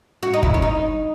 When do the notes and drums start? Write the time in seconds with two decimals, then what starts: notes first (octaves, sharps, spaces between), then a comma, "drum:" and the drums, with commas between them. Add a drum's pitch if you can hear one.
0.23 F#4
0.34 D#4
0.43 E4, drum: kick
0.54 C#4
0.62 D#4